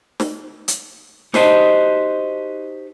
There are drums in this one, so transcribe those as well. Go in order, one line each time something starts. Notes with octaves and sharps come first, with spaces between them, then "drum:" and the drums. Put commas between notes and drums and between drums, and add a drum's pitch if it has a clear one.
drum: snare
drum: hi-hat
D#4 F#4 G4 C5 D#5 A5, drum: snare